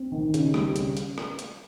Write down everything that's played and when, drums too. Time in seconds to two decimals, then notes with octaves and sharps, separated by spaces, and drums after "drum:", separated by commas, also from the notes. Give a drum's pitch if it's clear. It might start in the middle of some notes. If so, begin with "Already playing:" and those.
Already playing: C4
0.12 D#3
0.34 C#3, drum: hi-hat
0.54 G3, drum: rim click
0.76 C#3, drum: hi-hat
0.97 drum: hi-hat
1.18 drum: rim click
1.39 drum: hi-hat